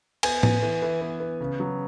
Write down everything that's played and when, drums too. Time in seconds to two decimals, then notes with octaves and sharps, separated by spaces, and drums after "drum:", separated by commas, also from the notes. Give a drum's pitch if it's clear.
0.23 B3 G#5, drum: cymbal
0.43 B3, drum: tom A2
0.62 E3
0.82 E3
1.01 B3
1.20 B3
1.40 C#3
1.60 F#3